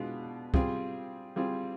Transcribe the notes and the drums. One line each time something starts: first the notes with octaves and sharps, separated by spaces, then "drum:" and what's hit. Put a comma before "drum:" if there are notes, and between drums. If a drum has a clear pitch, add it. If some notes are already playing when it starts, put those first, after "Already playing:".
Already playing: B2 G#3 B3 D4 F4
G3 C4 F4 G#4, drum: kick
G3 C4 F4 G#4